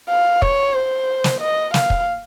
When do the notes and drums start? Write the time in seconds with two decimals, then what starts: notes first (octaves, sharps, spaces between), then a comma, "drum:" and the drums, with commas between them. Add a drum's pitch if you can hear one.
0.09 F5
0.42 C#5, drum: kick
0.75 C5
1.24 drum: snare
1.41 D#5
1.74 F5, drum: snare
1.90 drum: kick